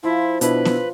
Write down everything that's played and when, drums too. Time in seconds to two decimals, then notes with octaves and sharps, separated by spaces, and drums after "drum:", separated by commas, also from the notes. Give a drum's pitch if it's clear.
0.03 F3 E4 F4
0.41 B2 D4 E4 B4, drum: hi-hat
0.65 drum: snare B3